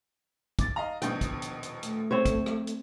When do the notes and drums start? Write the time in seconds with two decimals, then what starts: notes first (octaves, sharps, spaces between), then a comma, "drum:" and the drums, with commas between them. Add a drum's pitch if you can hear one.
0.59 D6 A6, drum: kick, hi-hat
0.76 D#5 F5 A#5
1.02 D#1 A#1 B2 G5, drum: hi-hat
1.21 drum: kick, hi-hat
1.42 drum: hi-hat
1.63 drum: hi-hat
1.83 A3, drum: hi-hat
2.11 C4 C5 C#5 G#6
2.25 drum: kick, hi-hat
2.46 drum: rim click
2.67 drum: hi-hat